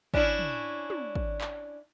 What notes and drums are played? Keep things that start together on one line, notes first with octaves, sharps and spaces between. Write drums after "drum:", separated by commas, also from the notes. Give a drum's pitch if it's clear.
C#4 D4 E4, drum: kick
drum: tom
drum: tom
drum: kick
drum: clap